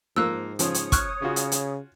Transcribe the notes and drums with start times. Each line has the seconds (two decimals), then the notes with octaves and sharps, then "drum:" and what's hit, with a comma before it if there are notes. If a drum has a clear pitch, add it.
0.16 G#2 F3 A#3 E6 F#6
0.59 C#3 F3 C#5 D#6, drum: hi-hat
0.74 drum: hi-hat
0.92 C#6 F6 F#6, drum: kick, hi-hat
1.22 C#3 C#4 F4 F#4
1.36 drum: hi-hat
1.52 drum: hi-hat